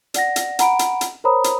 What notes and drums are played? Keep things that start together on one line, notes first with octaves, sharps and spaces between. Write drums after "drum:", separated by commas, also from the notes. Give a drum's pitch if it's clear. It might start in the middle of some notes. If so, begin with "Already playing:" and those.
D5 F#5 A#6, drum: hi-hat
drum: hi-hat
F#5 A#5 B5 D7, drum: hi-hat
drum: hi-hat
drum: hi-hat
A#4 C5 C#5 A#5 B5 D#6
drum: hi-hat